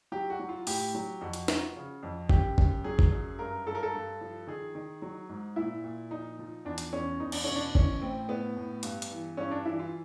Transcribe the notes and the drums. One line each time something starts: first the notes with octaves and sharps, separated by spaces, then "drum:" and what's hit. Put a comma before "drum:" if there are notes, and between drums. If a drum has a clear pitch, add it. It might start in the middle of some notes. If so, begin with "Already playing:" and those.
F#3 G4
F#4
F#3
F4
A2 G4, drum: open hi-hat
F#3
F2 F#4
drum: hi-hat
F3, drum: snare
C#3
F2
F#2 G4, drum: kick G#1
F#2, drum: kick G#1
F#3 G#4
drum: kick G#1
F#2
G2 A#4
G2 A4
A#4
A4
G2
F3
D#3 G#4
D#3
F#3
G#2
A#2 E4
A#2
F3 D#4
F3
E2 D4
drum: hi-hat
E2 C#4
E2 D#4
D4, drum: cymbal
B2 C#4
D4
E3 C#4, drum: kick G#1
A2 C4
A2 B3
A2
G2, drum: hi-hat
drum: hi-hat
E3
G2 C#4
D4
E3 E4
F4